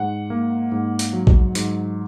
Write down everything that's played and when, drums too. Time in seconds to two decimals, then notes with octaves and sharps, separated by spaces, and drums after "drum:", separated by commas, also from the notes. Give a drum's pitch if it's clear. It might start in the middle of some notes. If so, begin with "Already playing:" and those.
Already playing: G#2 F#5
0.30 A#3
0.72 G#2
0.99 drum: hi-hat
1.13 F#3
1.27 drum: kick
1.55 G#2, drum: hi-hat